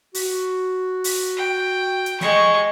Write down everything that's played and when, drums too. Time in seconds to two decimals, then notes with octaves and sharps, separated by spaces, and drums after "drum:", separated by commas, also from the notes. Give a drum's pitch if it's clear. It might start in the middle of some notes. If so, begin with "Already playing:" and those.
0.14 F#4, drum: open hi-hat
1.04 drum: open hi-hat
1.37 G5
2.06 drum: hi-hat
2.20 G#3 C#6, drum: snare